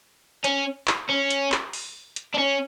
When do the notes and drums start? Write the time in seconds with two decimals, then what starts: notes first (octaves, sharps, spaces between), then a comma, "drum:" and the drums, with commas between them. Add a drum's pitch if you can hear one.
0.44 C#4, drum: hi-hat
0.88 drum: clap
1.09 C#4
1.31 drum: hi-hat
1.52 drum: clap
1.73 drum: open hi-hat
2.16 drum: hi-hat
2.34 D4
2.38 C#4